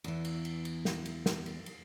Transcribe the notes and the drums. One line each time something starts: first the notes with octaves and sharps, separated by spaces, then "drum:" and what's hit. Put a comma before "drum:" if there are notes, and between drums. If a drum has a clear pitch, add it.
E2 E3, drum: cymbal
drum: cymbal
drum: cymbal
drum: cymbal
drum: snare
drum: cymbal
drum: snare
drum: cymbal
drum: cymbal